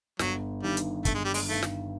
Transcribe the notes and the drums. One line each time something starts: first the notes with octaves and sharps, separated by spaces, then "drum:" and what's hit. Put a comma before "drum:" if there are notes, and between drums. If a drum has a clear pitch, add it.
G1 F#3, drum: snare
G2 D#3 G3
drum: hi-hat
G1 A3, drum: kick, hi-hat
G#3
G3
G#3, drum: open hi-hat
G2 D#3 A3
drum: snare